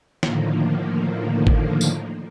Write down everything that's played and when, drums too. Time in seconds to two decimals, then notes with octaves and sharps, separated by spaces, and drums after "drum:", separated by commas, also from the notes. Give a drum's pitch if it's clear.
0.23 A2 D3 D#3 F3 A#3, drum: snare
1.47 drum: kick G#1
1.81 drum: tambourine